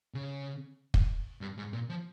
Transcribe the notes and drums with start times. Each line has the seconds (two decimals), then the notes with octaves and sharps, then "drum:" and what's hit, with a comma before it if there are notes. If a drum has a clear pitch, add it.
0.14 C#3
0.94 drum: kick
1.41 G2
1.58 G#2
1.73 A#2
1.89 F3